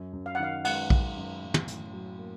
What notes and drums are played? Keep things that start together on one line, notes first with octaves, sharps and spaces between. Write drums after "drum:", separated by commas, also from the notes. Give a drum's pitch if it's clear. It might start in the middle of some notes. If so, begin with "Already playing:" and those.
Already playing: F#2
F#2
F5
F#5
D#3 F5
G#3 F#5, drum: cymbal
F#2, drum: kick A#1
F#2
A2
drum: tom
A2, drum: hi-hat
F#3
A#3